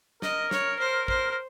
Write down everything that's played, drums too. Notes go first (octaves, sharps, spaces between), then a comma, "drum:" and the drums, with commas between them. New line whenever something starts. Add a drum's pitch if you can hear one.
A#4 D#5, drum: snare
C#5, drum: snare
C5
C5, drum: kick A1
A#4